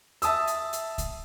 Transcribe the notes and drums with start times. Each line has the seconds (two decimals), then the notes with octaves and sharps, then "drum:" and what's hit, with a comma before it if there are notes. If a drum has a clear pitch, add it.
0.22 E5 A5 D#6 E6, drum: hi-hat
0.47 drum: hi-hat
0.73 drum: hi-hat
0.98 drum: kick C2, hi-hat